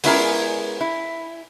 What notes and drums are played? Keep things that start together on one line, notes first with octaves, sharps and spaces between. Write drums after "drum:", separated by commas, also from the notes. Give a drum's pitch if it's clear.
G#3 B3 C#4 E4 G#4 A#4, drum: open hi-hat
E4